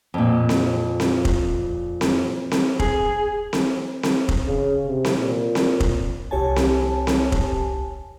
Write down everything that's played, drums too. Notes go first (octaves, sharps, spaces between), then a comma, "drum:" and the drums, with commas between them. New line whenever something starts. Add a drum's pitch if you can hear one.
F2 A#2
drum: snare C4
drum: snare C4
drum: kick F1
drum: snare C4
drum: snare C4
G#4, drum: kick F1
drum: snare C4
drum: snare C4
drum: kick F1
C#3
C3
drum: snare C4
A#2
drum: snare C4
drum: kick F1
C2 G4 C#5 G#5 A5
drum: snare C4
drum: snare C4
drum: kick F1